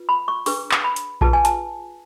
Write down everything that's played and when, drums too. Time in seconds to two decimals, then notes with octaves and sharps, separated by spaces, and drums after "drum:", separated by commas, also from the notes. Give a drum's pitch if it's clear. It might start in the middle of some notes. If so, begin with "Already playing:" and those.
Already playing: F4 B4
0.09 B5
0.28 C#6
0.46 D4 G#4 B4 C#6, drum: open hi-hat
0.71 drum: clap
0.84 B5
0.96 drum: hi-hat
1.21 F4 G#4 B4 A5, drum: kick A#1
1.33 G#5
1.45 A5, drum: hi-hat